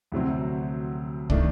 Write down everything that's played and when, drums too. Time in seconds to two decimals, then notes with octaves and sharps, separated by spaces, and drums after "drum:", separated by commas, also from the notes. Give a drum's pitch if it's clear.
0.12 D2 C3 F#3 C4
1.30 D#3 A3 D4, drum: kick